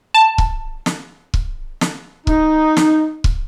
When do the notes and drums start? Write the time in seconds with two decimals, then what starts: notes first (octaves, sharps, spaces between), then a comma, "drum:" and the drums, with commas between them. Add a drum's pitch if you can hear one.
0.14 A5
0.38 drum: kick
0.86 drum: snare
1.34 drum: kick
1.81 drum: snare
2.27 D#4, drum: kick
2.77 drum: snare
3.24 drum: kick